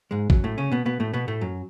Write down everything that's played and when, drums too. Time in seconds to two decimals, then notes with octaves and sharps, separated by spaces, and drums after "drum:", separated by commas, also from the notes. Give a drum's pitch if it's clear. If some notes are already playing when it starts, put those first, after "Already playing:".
0.11 G#2 G#3
0.30 F#2 F#3, drum: kick A1
0.44 A2 A3
0.58 C#3 C#4
0.71 B2 B3
0.86 B2 B3
1.00 A2 A3
1.13 B2 B3
1.28 A2 A3
1.41 F#2 F#3